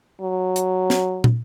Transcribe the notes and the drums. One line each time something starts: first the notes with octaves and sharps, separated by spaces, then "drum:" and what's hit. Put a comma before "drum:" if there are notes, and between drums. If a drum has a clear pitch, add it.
F#3
drum: hi-hat
drum: snare
drum: tom